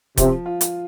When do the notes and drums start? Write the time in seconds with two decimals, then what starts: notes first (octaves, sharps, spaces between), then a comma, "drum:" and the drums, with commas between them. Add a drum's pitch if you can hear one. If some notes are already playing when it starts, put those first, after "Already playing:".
0.17 C3 F3, drum: kick D#1, hi-hat
0.46 F4
0.61 drum: hi-hat